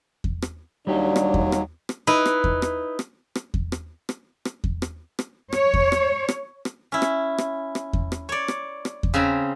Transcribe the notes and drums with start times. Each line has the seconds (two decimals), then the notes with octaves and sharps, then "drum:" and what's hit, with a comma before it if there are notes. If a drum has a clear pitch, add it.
0.24 drum: kick E2
0.42 drum: rim click
0.87 D#2 F#3 G3 D4 D#4 G4
1.16 drum: rim click
1.34 drum: kick E2
1.52 drum: rim click
1.89 drum: rim click
2.07 D#4 E4 B4
2.26 drum: rim click
2.44 drum: kick E2
2.62 drum: rim click
2.99 drum: rim click
3.35 drum: rim click
3.54 drum: kick E2
3.72 drum: rim click
4.09 drum: rim click
4.45 drum: rim click
4.64 drum: kick E2
4.82 drum: rim click
5.19 drum: rim click
5.53 C#5, drum: rim click
5.74 drum: kick E2
5.92 drum: rim click
6.29 drum: rim click
6.65 drum: rim click
6.92 C#4 E4
7.02 drum: rim click
7.38 drum: rim click
7.75 drum: rim click
7.93 drum: kick E2
8.12 drum: rim click
8.29 C#5 D5
8.48 drum: rim click
8.85 drum: rim click
9.03 drum: kick E2
9.14 C#3 C4 G#5 A#5 B5